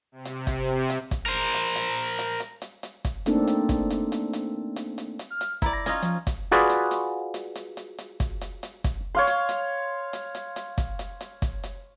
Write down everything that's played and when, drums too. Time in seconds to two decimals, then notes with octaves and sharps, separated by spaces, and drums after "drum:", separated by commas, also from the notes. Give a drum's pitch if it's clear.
0.12 C3
0.25 drum: hi-hat
0.47 drum: kick, hi-hat
0.90 drum: hi-hat
1.11 drum: kick, hi-hat
1.26 A#4 C5
1.54 drum: hi-hat
1.76 drum: hi-hat
2.19 drum: hi-hat
2.40 drum: hi-hat
2.62 drum: hi-hat
2.83 drum: hi-hat
3.05 drum: kick, hi-hat
3.26 A3 A#3 C4 D4 D#4 A4, drum: hi-hat
3.47 drum: hi-hat
3.69 drum: kick, hi-hat
3.90 drum: hi-hat
4.12 drum: hi-hat
4.33 drum: hi-hat
4.76 drum: hi-hat
4.98 drum: hi-hat
5.19 drum: hi-hat
5.30 F6
5.41 drum: hi-hat
5.62 E4 D5 A#5, drum: kick, hi-hat
5.73 A#6
5.86 C#4 D#4 F4, drum: hi-hat
6.02 F3, drum: hi-hat
6.27 drum: kick, hi-hat
6.51 F4 F#4 G#4 B4 D5
6.70 drum: hi-hat
6.91 drum: hi-hat
7.34 drum: hi-hat
7.55 drum: hi-hat
7.77 drum: hi-hat
7.98 drum: hi-hat
8.20 drum: kick, hi-hat
8.41 drum: hi-hat
8.63 drum: hi-hat
8.84 drum: kick, hi-hat
9.15 C#5 F5 C6
9.27 drum: hi-hat
9.49 drum: hi-hat
10.13 drum: hi-hat
10.35 drum: hi-hat
10.56 drum: hi-hat
10.78 drum: kick, hi-hat
10.99 drum: hi-hat
11.21 drum: hi-hat
11.42 drum: kick, hi-hat
11.63 drum: hi-hat